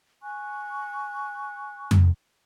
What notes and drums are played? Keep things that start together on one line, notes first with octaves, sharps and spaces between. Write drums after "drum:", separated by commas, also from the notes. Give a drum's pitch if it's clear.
G#5 C#6 F#6
drum: tom F2